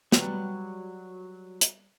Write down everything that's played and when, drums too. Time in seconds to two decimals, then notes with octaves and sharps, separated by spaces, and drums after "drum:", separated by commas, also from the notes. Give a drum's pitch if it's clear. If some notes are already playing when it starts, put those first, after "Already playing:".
0.12 F#3 G3 B4, drum: snare
1.61 drum: hi-hat